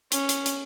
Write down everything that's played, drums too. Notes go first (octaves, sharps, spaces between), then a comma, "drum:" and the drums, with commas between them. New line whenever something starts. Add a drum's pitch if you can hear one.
C#4, drum: hi-hat
drum: hi-hat
drum: hi-hat